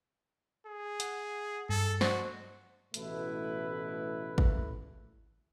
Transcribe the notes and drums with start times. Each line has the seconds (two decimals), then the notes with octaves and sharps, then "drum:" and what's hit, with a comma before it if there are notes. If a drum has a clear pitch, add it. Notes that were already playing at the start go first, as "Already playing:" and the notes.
0.66 G#4
1.00 F#5, drum: hi-hat
1.69 G2 A4
2.01 F#4 C5 D5 D#5, drum: snare
2.94 A1 B2 A3 E4 B4, drum: hi-hat
4.38 drum: kick G#1